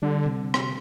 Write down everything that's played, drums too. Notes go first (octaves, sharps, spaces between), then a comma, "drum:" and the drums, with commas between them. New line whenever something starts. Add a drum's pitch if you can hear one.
D3 G3
C3
drum: rim click